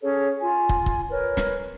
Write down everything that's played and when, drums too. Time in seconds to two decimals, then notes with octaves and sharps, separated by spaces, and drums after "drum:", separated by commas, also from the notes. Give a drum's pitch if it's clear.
0.02 C#4 G#4 A4 C#5
0.40 F4 G#5
0.69 drum: kick
0.86 drum: kick
1.09 A#4 B4 C#5
1.37 drum: snare